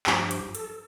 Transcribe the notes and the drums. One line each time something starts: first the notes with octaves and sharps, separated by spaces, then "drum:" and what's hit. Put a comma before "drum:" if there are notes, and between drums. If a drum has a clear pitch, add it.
G2 F3 G4, drum: clap
drum: hi-hat
A4, drum: hi-hat